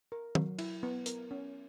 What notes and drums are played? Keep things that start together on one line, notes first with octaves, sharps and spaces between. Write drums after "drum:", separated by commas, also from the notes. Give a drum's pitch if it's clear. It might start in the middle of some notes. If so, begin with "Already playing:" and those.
A#4
F#3, drum: tom
E4, drum: cymbal
B3
A#4, drum: hi-hat
C#4